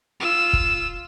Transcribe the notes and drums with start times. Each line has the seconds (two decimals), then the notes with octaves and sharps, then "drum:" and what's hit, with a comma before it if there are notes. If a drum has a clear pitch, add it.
0.20 F4 E6
0.53 drum: kick